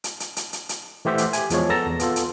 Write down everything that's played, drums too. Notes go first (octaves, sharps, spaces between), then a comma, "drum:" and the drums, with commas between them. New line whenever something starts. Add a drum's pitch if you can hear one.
drum: hi-hat
drum: hi-hat
drum: hi-hat
drum: hi-hat
drum: hi-hat
E3 A3 G4 C5 E5 F#5
drum: hi-hat
G4 G#5, drum: hi-hat
E2 F3 G#3 C#5, drum: hi-hat
B3 A4 A5 A#5 A#6
E2
B3 F4 A4, drum: hi-hat
drum: hi-hat